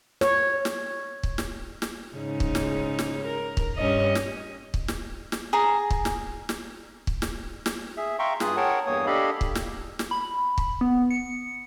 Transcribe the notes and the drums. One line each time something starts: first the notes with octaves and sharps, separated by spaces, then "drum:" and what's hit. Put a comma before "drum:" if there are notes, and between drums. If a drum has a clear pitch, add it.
C#5, drum: snare
drum: snare
drum: kick
drum: snare
drum: snare
G#2 C#3 D#4
drum: kick
drum: snare
drum: snare
A#4
drum: kick
G2 C#4 D#5
drum: snare
drum: kick
drum: snare
drum: snare
G#4 A#5
drum: kick
drum: snare
drum: snare
drum: kick
drum: snare
drum: snare
G#4 E5
E5 F5 G5 A#5 C6 C#6
G2 F4 G#4 D#6 F#6, drum: snare
G#4 A#4 C#5 F#5 G5 A5
E2 G2 A#3 C#5 D#6
D4 G4 A4 D#5 F5 B5
drum: kick
drum: snare
drum: snare
B5
drum: kick
B3
C#7